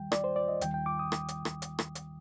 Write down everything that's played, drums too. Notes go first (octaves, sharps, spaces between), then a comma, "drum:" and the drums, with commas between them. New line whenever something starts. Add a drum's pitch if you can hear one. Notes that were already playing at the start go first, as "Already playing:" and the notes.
Already playing: D#2 D#3 G3 G5
D5, drum: rim click
C5
D5
D#5
D#2 D#3 G3 G5, drum: hi-hat
G5
D6
D#6
drum: rim click
drum: hi-hat
drum: rim click
drum: hi-hat
drum: rim click
drum: hi-hat